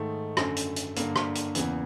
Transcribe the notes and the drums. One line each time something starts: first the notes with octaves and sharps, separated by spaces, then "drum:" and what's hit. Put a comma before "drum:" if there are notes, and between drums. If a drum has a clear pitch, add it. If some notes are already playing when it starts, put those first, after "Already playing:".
Already playing: G#2 D#3 A3
F#2 D3, drum: rim click
drum: hi-hat
drum: hi-hat
G2 D3 A#3, drum: hi-hat
drum: rim click
drum: hi-hat
E2 C#3 E3, drum: hi-hat